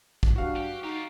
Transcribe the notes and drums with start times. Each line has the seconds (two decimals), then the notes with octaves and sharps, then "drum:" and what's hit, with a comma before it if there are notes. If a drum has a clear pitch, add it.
0.23 drum: kick
0.36 G2 F#4 F5
0.56 G4
0.84 D#4 F4 G4